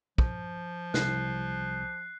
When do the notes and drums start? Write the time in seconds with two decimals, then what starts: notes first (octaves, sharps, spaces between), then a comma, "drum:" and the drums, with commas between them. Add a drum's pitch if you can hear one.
0.18 F3, drum: kick
0.94 C2 F#6 C7, drum: snare